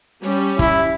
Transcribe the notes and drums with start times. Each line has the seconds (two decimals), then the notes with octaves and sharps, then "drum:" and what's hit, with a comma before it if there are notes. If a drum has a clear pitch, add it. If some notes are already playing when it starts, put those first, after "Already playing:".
0.23 G3 C#4, drum: hi-hat
0.59 E4, drum: kick, hi-hat